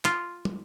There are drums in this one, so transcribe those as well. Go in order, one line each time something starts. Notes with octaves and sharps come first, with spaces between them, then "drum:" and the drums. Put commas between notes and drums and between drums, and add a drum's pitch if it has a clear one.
F4, drum: clap
drum: tom